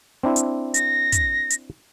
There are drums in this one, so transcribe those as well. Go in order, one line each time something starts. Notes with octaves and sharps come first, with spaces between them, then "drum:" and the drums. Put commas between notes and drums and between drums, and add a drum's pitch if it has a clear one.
C4 D4 E4
drum: hi-hat
A#6, drum: hi-hat
drum: kick, hi-hat
drum: hi-hat